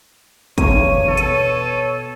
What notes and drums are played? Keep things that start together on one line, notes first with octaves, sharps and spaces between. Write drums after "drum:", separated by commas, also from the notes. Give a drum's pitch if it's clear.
E2 G2 D3 C#5 D#7, drum: kick, hi-hat
B2 A4
drum: hi-hat